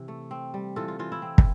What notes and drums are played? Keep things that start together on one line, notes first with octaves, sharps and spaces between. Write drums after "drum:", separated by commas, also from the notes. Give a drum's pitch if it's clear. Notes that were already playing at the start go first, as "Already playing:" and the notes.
Already playing: C3 E3
A3
C4
G3
E3 F4 A4
F4
E3 F4
E4
C4
drum: kick